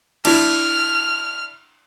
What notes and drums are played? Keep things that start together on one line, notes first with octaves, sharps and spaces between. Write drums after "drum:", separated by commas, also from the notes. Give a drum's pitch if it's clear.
D4 E4 F6, drum: cymbal